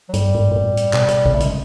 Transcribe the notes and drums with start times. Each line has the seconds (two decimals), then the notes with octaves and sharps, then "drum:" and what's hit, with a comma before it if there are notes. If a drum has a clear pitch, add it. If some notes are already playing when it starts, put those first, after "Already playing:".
0.09 F#3
0.14 G2 G3, drum: hi-hat
0.35 G#2
0.52 G#2
0.56 A2
0.77 drum: hi-hat
0.93 B2, drum: clap
1.08 B2, drum: hi-hat
1.26 C3, drum: kick A#1
1.34 A3
1.40 C#3 G#3, drum: hi-hat